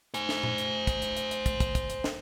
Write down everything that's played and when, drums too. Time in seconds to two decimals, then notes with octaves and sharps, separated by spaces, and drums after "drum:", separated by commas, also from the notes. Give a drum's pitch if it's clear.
0.14 C5 G#5, drum: hi-hat
0.29 drum: snare
0.44 drum: tom A#2
0.58 drum: hi-hat
0.87 drum: kick, hi-hat
1.02 drum: hi-hat
1.17 drum: hi-hat
1.31 drum: hi-hat
1.46 drum: kick, hi-hat
1.60 drum: kick, hi-hat
1.75 drum: kick, hi-hat
1.90 drum: hi-hat
2.04 drum: snare